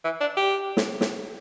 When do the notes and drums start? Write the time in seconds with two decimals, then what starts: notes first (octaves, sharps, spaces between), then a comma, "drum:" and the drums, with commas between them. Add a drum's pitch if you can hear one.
0.05 E3
0.20 D4
0.37 G4
0.77 drum: snare
1.01 drum: snare